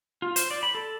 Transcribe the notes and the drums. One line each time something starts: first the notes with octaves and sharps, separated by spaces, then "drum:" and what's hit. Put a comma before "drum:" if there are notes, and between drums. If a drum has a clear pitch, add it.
F4
C5, drum: hi-hat
D5
B5
A4